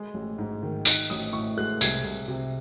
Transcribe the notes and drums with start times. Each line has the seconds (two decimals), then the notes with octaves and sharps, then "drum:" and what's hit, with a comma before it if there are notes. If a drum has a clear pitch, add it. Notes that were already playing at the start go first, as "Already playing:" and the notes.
Already playing: G#3
0.14 A1
0.38 G#2
0.63 D#3
0.85 D#4 F#6, drum: tambourine
1.10 A1 D#6
1.33 A2 C#6
1.57 G#3 F#6
1.81 C2 G#6, drum: tambourine
2.04 C2
2.28 C3